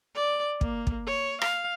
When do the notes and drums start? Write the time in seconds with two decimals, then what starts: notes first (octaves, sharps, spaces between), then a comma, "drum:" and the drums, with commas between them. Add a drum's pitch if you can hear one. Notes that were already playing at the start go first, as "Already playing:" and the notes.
0.15 D5
0.61 A#3, drum: kick
0.87 drum: kick
1.06 C#5
1.42 F5, drum: rim click